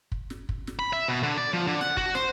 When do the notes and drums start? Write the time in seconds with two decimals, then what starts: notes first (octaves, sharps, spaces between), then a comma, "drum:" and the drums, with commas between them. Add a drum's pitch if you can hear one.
0.12 drum: kick
0.30 drum: snare
0.49 drum: kick
0.67 drum: snare
0.79 B5
0.93 E5
1.08 B2
1.23 D3
1.37 D5
1.53 F3
1.67 D3
1.81 F#5, drum: snare
1.97 F#4, drum: kick
2.15 C5, drum: snare